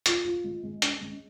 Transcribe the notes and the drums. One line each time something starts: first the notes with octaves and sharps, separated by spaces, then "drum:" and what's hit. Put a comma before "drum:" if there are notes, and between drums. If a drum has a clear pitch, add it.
F4, drum: hi-hat
F4
G#3
G#3
C#4, drum: hi-hat
G#3